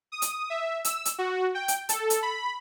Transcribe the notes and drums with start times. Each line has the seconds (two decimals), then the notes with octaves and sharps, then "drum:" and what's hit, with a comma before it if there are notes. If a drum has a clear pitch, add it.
0.12 D#6
0.22 drum: hi-hat
0.50 E5
0.85 E6, drum: hi-hat
1.05 drum: hi-hat
1.18 F#4
1.55 G5
1.68 drum: hi-hat
1.89 A4, drum: hi-hat
2.10 drum: hi-hat
2.22 B5